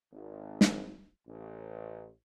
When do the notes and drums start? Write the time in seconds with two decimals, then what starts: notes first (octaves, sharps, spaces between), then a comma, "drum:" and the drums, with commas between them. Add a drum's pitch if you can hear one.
0.13 G#1
0.61 drum: snare
1.28 A1